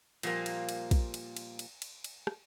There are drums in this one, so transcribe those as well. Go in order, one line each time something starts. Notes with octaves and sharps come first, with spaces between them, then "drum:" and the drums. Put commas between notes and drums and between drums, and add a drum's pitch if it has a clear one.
A#2 F3 G3 A#3, drum: cymbal
drum: cymbal
drum: cymbal
drum: kick, cymbal
drum: cymbal
drum: cymbal
drum: cymbal
drum: cymbal
drum: cymbal
drum: rim click